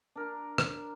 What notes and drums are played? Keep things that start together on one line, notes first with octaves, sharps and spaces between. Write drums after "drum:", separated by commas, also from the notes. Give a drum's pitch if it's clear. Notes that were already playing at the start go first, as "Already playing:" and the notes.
D4 A#4
drum: rim click